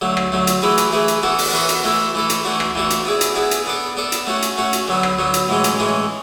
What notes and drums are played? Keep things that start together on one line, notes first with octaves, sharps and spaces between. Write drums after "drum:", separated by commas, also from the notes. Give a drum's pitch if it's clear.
D3 F#3 A3
drum: rim click
D3 F#3 A3
drum: hi-hat
E3 A3 E4 G#4 B4
drum: hi-hat
E3 A3 E4 G#4 B4
drum: hi-hat
E3 B3 F#4 A4
drum: open hi-hat
E3 B3 F#4 A4
drum: hi-hat
E3 A3 E4 A4
E3 A3 E4 A4
drum: hi-hat
E3 A3 D4 F#4
drum: rim click
E3 A3 D4 F#4
drum: hi-hat
B3 E4 G#4 D5
drum: hi-hat
B3 E4 G#4 D5
drum: hi-hat
B3 D4 A4 D5
B3 D4 A4 D5
drum: hi-hat
A3 C#4 F#4
drum: hi-hat
A3 C#4 F#4
drum: hi-hat
D3 F#3 B3
drum: rim click
D3 F#3 B3
drum: hi-hat
A2 E3 G#3 C#4
drum: hi-hat
A2 E3 G#3 C#4